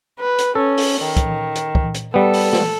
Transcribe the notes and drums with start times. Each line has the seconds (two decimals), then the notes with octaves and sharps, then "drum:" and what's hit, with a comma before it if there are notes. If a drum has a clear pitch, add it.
0.19 B4
0.39 drum: hi-hat
0.55 C#4 A4
0.78 drum: open hi-hat
1.01 D#3
1.17 drum: kick, hi-hat
1.56 drum: hi-hat
1.75 drum: kick
1.95 drum: hi-hat
2.14 G3 B3 A4
2.33 drum: open hi-hat
2.53 drum: snare